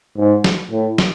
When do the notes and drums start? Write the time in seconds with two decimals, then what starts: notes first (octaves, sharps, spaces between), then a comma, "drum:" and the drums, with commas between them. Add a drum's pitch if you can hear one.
0.17 G#2
0.44 drum: snare
0.71 A2
0.98 drum: snare